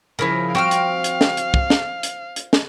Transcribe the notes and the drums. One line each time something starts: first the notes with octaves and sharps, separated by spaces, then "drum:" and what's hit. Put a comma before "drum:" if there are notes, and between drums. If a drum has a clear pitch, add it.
C#3 F3 E4 A#4
C4 F#4 F5 G5 F6
drum: hi-hat
drum: hi-hat
drum: snare
drum: hi-hat
drum: kick
drum: snare
drum: hi-hat
drum: hi-hat
drum: snare